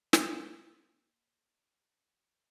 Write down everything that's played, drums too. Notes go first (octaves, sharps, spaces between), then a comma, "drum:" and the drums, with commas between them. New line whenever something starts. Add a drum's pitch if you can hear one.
A#3 F4, drum: snare